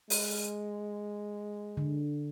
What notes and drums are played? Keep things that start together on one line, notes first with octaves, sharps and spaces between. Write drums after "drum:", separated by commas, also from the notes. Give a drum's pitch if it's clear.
G#3, drum: open hi-hat
D3